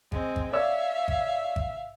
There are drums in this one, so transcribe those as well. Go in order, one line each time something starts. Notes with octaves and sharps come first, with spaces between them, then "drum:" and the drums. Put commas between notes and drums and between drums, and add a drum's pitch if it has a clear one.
G#3 C4, drum: kick G#1
drum: kick G#1
C#5 D5 E5 F5 E6
drum: kick G#1
drum: kick G#1